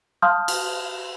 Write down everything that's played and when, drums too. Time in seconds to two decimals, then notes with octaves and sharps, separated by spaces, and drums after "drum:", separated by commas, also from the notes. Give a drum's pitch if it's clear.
0.22 F5 A5 C6 D#6 F6 G6
0.48 drum: cymbal